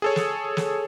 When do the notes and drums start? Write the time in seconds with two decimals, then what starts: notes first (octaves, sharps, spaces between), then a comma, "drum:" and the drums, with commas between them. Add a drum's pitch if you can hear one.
0.02 G#4 A4 C#5
0.16 drum: snare
0.57 drum: snare